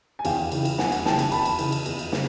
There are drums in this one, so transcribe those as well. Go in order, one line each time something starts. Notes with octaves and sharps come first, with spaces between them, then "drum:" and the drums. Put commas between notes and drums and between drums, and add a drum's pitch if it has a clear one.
G#5
E2 F5 G5, drum: cymbal
C#3 E3, drum: cymbal
drum: cymbal
E2 F#5 G#5, drum: snare
drum: cymbal
C#3 E3 G5 A5, drum: snare
drum: cymbal
E2 A5 B5, drum: cymbal
drum: cymbal
C#3 E3, drum: cymbal
drum: cymbal
E2, drum: cymbal
drum: cymbal
C#3, drum: snare